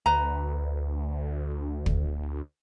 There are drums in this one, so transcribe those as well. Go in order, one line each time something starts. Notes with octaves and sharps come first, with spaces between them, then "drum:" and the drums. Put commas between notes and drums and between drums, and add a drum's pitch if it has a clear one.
D2 B4 A#5
drum: kick